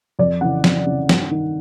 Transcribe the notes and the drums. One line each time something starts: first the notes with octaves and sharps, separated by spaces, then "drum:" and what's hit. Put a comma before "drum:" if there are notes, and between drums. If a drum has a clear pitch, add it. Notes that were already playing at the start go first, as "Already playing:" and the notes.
F2 D5
C#3 E3 F#5
F2, drum: snare
C#3 E3
G2, drum: snare
D#3